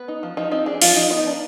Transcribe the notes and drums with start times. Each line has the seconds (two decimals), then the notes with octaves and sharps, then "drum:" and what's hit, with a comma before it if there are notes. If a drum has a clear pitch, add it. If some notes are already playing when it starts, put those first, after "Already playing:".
Already playing: B3 B4
0.08 D#4
0.23 F3
0.37 F3 D#4
0.51 C4 D#4
0.66 D4 G#4
0.82 F3 F4, drum: open hi-hat
0.96 F3 D#4
1.11 B3 D#4
1.27 D4